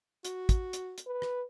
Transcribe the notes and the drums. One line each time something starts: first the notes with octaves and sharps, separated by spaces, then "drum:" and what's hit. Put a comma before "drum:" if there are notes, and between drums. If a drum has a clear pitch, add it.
F#4, drum: hi-hat
drum: kick, hi-hat
drum: hi-hat
drum: hi-hat
B4
drum: rim click